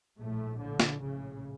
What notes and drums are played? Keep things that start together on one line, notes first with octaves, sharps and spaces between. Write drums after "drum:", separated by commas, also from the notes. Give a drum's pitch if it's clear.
A#1 A2 A3
A#1 A2 D3
drum: snare
A#1 A2 C#3